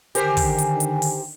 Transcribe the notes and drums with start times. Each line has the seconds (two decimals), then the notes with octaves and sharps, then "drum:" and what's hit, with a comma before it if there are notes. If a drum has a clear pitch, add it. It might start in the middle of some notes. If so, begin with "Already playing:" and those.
0.15 D3 D#3 G4 A#4 C5 G#5, drum: hi-hat
0.37 drum: kick, open hi-hat
0.58 drum: hi-hat
0.80 drum: hi-hat
1.02 drum: open hi-hat